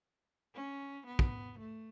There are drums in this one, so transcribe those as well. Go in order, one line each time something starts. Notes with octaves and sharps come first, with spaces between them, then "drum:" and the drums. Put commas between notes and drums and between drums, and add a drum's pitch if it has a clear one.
C#4
B3
drum: kick
A3